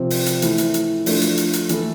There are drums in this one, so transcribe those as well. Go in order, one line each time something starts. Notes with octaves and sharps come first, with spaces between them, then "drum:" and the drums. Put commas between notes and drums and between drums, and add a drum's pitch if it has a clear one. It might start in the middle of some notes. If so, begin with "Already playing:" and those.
Already playing: C3 F3 C4
drum: open hi-hat
drum: hi-hat
E3 A3 E4 A4, drum: hi-hat
drum: hi-hat
drum: hi-hat
F3 A3 D4 A4, drum: open hi-hat
drum: hi-hat
drum: hi-hat
drum: hi-hat
E3 A3 E4 A4, drum: hi-hat